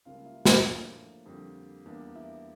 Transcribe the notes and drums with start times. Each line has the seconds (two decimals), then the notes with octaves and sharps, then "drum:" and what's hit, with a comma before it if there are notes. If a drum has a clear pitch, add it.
0.05 C#2 C#3 G3 A#3 F4
0.25 E4
0.45 D4, drum: snare
0.65 A2 F3 A#3
1.26 F2 D3 G3 A#3
1.86 E2 E3 G3 A#3 D4
2.15 E4